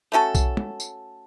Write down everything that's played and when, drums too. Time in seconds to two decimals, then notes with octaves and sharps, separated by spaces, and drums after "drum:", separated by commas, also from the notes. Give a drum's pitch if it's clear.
0.12 A3 C#4 F#4 A4
0.35 drum: kick B1, tambourine
0.57 drum: tom
0.80 drum: tambourine